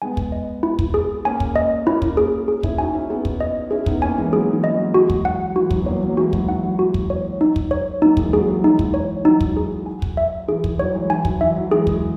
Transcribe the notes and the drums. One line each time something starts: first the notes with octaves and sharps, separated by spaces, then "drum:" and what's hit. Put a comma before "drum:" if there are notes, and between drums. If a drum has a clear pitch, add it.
G#3 B3 G#5
drum: kick
D#5
E4
drum: kick
G#4
A#3 C#4 G#5
drum: kick
D#5
A#3 C#4 E4
drum: kick
G#4
G#4
C#4 E4, drum: kick
D#4 F#4 G#5
C#4 E4
B3 D#4 G#4
drum: kick
D#5
C#4 E4 G#4
B3 D#4, drum: kick
A#3 C#4 G#5
E3 G#3
F#3 G#4
E3
D#5
F#3
E3 G#3 F#4
drum: kick
F#3 F#5
E3 F#4
F#3, drum: kick
B3
F#3 A#3 C#5
F#3 A#3
E3 G#3 F#4
F#3, drum: kick
E3 F#5
F#3
F#4
drum: kick
C#5
D#4
drum: kick
C#5
F#3 A#3 D#4
E3 G#3, drum: kick
F#3 G#4
F#3
E3 G#3 D#4
drum: kick
C#5
F#3 D#4
drum: kick
G#4
G#5
drum: kick
E5
E3 G#4
E3, drum: kick
F#3 C#5
E3 G#3
E3 G#5
F#3, drum: kick
E3 E5
F#3
E3 G#3 G#4
drum: kick